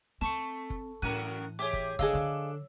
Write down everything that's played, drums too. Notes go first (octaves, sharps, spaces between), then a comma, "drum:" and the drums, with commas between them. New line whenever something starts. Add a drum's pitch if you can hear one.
A3 C4 A5 C#6 C#7
drum: kick
F#2 A2 E3 F#4 A#4 F#6 D#7
G4 G#4 C#5 E5 D6
drum: kick
D3 D4 G#4 A4 D#5 F5 E6, drum: kick
D3 F3